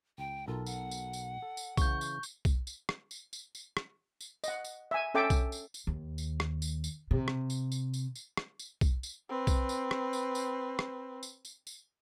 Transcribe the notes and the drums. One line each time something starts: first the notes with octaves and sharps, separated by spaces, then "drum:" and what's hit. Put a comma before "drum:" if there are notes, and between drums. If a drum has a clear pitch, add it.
C#2 G5
B1 F4 A4 A#4
F#5, drum: tambourine
drum: tambourine
drum: tambourine
A4
drum: tambourine
C#3 E3 C#6 G6, drum: kick B1, tambourine
drum: tambourine
drum: tambourine
drum: kick B1, tambourine
drum: tambourine
drum: rim click
drum: tambourine
drum: tambourine
drum: tambourine
drum: rim click
drum: tambourine
D#5 F#5, drum: tambourine
drum: tambourine
E5 G#5
C#4 A4 E5 G5 D6
drum: kick B1, tambourine
drum: tambourine
drum: tambourine
D#2
drum: tambourine
drum: rim click
drum: tambourine
drum: tambourine
C3
drum: rim click
drum: tambourine
drum: tambourine
drum: tambourine
drum: tambourine
drum: rim click
drum: tambourine
drum: kick B1, tambourine
drum: tambourine
C4 B4
drum: kick B1, tambourine
drum: tambourine
drum: rim click
drum: tambourine
drum: tambourine
drum: rim click
drum: tambourine
drum: tambourine
drum: tambourine